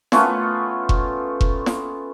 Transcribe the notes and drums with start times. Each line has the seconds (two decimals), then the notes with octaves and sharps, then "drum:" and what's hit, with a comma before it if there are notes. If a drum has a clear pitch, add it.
0.12 A3 B3 C#4 F4, drum: snare
0.89 drum: kick F1
1.41 drum: kick F1
1.66 drum: snare